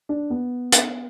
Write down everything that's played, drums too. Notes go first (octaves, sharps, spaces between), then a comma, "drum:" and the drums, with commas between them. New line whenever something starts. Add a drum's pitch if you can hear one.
D4
B3
drum: hi-hat